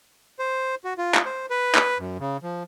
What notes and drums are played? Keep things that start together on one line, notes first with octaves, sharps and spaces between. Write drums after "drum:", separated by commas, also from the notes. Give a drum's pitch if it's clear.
C5
F#4
F4
drum: clap
C5
B4
drum: clap
F#2
C#3
F3